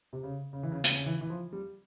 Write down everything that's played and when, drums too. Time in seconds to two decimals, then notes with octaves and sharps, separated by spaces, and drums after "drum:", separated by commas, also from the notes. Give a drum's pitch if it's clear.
0.13 C3
0.23 C#3
0.53 C#3
0.63 E3
0.71 C#3
0.84 C#3, drum: hi-hat
0.95 C#3
1.06 E3
1.21 E3
1.30 F3
1.53 G3